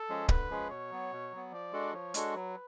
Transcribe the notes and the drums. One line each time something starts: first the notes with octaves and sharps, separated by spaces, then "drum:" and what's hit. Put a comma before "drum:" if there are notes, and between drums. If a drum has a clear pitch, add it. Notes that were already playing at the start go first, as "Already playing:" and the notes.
Already playing: A4
F3 G#3 C#4 G#4
D3 B4, drum: kick
F3 G#3 C#4 G#4
B2 C#5
F#3 B3
B2
F#3 B3
F3 D5
G#3 D4 F#4 A4
F3 C#5
G#3 D4 F#4 A4, drum: hi-hat
F#3 B4